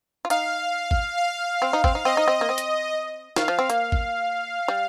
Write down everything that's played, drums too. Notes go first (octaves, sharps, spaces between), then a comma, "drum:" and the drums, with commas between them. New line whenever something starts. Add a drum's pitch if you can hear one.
F4
D#4 F5, drum: hi-hat
drum: kick G#1
F5
C4
D#4
C4, drum: kick G#1
D#4
C4 D#5
D#4
C4
A#3
C4
drum: hi-hat
D#3 F5, drum: snare
F3
C4
A#3, drum: hi-hat
drum: kick G#1
G3